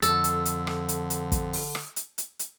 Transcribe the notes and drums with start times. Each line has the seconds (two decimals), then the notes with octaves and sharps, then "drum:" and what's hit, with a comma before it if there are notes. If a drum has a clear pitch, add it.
0.02 F2 D3 A4, drum: hi-hat
0.24 drum: hi-hat
0.45 drum: hi-hat
0.67 drum: rim click
0.89 drum: hi-hat
1.10 drum: hi-hat
1.32 drum: kick, hi-hat
1.53 drum: open hi-hat
1.75 drum: rim click
1.96 drum: hi-hat
2.18 drum: hi-hat
2.39 drum: hi-hat